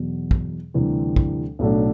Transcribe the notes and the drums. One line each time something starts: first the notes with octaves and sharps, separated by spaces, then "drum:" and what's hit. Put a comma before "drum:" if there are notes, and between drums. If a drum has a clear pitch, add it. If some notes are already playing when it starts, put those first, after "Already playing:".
Already playing: E2 B2 F#3
drum: kick
D2 C3 E3 G3 C4
drum: kick
B1 A2 F#3 A3 D4